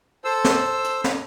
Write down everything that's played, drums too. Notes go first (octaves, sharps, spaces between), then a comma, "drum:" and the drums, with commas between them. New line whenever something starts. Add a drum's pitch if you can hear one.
A4 C5 E6
drum: snare
drum: hi-hat
drum: snare